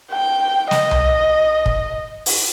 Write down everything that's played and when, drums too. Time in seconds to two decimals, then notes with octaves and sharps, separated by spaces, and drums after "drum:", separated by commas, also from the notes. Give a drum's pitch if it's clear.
0.11 G5
0.71 D#5, drum: snare
0.91 drum: tom C2
1.66 drum: kick
2.26 drum: open hi-hat